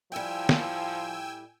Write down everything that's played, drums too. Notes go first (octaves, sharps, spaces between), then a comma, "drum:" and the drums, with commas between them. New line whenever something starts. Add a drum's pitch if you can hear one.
A2 F3 G3 G5 G#5 E6
drum: snare